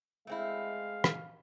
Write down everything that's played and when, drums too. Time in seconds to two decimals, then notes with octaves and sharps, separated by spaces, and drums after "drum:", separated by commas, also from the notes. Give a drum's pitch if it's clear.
0.27 G#3 A3 C4 E4 F5
1.04 drum: rim click